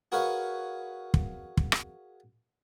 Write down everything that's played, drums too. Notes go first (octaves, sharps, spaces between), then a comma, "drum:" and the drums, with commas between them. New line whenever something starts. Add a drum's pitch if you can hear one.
F#4 G#4 A#4 B4 C#5 F5
drum: kick
drum: kick
drum: rim click